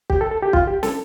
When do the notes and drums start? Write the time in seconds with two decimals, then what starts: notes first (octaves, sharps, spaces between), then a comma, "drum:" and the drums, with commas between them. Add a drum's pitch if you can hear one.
0.10 G4, drum: kick
0.21 A4
0.31 A4
0.43 G4
0.53 F4, drum: kick
0.67 G4
0.83 A4, drum: snare